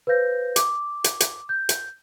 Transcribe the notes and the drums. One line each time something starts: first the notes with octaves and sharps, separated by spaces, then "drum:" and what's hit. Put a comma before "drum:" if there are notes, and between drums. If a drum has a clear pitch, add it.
B4 C5 F5 G6 A#6
D6, drum: hi-hat
drum: hi-hat
drum: hi-hat
G6
drum: hi-hat